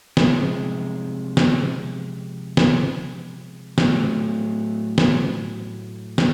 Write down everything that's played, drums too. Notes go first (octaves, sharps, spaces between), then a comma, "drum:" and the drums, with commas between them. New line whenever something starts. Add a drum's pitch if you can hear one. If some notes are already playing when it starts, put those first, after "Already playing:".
C3 F3 G#3, drum: snare
drum: snare
drum: snare
A2 F#3 A3, drum: snare
drum: snare
drum: snare